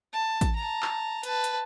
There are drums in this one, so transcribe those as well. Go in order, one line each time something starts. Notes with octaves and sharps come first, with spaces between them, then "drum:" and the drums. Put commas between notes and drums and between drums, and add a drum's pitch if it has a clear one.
A5
drum: kick A1, hi-hat
A5 A#5
drum: clap
B4 A5, drum: hi-hat
drum: hi-hat